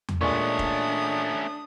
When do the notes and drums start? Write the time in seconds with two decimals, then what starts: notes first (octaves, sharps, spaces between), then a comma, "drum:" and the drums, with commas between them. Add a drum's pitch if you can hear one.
0.08 drum: tom E2
0.21 A#2 G#3 A3 C#4 D4 C#6 D#6
0.59 drum: kick E1